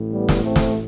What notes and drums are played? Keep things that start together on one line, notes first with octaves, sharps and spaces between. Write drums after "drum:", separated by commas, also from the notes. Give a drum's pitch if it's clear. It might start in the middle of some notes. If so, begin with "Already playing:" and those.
Already playing: A1 A2
G3 B3
drum: snare
A3 C4
drum: snare